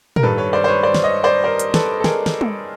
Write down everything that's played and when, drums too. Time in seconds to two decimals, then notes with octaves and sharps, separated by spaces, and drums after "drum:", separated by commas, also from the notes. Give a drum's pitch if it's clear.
0.16 A#4, drum: tom
0.23 G2 D#3 G3 A4 B4
0.38 B4 C#5
0.53 C5 D5
0.64 C5
0.68 B4 C#5
0.83 C5 D5
0.94 drum: snare
1.04 C#5 D#5
1.24 C5 D5
1.44 A#4 C5
1.59 drum: hi-hat
1.74 A4 B4, drum: snare
2.00 A4
2.04 G#4 A#4, drum: snare
2.26 drum: snare
2.41 drum: tom